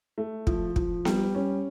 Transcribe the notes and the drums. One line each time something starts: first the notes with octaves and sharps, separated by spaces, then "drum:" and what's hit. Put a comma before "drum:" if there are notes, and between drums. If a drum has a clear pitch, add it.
A3
F3, drum: kick
F3, drum: kick
G3, drum: snare B3
C#4